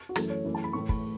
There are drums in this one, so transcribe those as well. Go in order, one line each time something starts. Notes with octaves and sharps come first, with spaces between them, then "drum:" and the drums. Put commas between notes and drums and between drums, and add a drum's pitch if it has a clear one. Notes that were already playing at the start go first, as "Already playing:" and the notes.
F#4
F#2 E3 A3 A4, drum: rim click
C#5
F#2 E3 A3
A5
B5
A2 E3 A3 C#6
B5, drum: kick